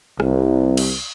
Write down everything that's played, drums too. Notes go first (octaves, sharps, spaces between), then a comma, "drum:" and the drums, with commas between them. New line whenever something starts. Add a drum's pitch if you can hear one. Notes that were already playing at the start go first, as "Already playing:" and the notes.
C2, drum: rim click
drum: cymbal